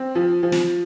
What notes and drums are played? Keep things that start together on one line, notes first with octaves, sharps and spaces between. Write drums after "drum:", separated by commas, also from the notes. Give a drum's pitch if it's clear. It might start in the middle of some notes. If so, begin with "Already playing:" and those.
Already playing: C4
F3
F3
drum: snare